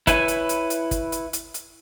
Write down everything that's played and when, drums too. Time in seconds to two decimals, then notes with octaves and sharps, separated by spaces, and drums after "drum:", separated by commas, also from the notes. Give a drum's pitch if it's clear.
0.07 E4 B4 C#5 G#5, drum: kick, hi-hat
0.28 drum: hi-hat
0.49 drum: hi-hat
0.70 drum: hi-hat
0.91 drum: kick, hi-hat
1.12 drum: hi-hat
1.33 drum: hi-hat
1.54 drum: hi-hat